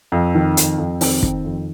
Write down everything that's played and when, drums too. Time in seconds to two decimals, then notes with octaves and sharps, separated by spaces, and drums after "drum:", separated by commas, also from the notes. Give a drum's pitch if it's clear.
0.12 F2
0.35 D#3
0.57 F2, drum: hi-hat
0.78 F2
1.01 D#3 C4, drum: open hi-hat
1.23 D#3, drum: kick
1.45 F2